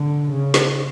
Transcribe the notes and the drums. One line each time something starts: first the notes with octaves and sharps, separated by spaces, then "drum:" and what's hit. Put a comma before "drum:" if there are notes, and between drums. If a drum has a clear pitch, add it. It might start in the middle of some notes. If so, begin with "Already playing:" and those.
Already playing: D3
C#3
drum: snare